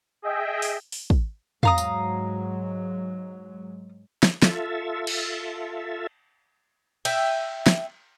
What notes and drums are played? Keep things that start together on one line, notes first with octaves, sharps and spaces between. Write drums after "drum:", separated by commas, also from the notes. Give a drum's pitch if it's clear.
G#4 D#5 E5 G5
drum: open hi-hat
drum: open hi-hat
drum: kick
G#2 F#3 G#3 F5 A#5 D#6, drum: tom E2
drum: tambourine
drum: snare
F4 A4 E5, drum: snare
drum: cymbal
E5 G5, drum: cymbal
drum: snare